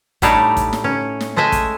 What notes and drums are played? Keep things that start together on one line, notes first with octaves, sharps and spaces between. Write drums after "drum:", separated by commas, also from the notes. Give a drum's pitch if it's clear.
A2 G3 A3 D4 D#4 C#5, drum: kick, hi-hat
drum: kick, hi-hat
drum: snare
C#4
drum: snare
G#3 A3 D#5 E5 G#5
drum: kick, hi-hat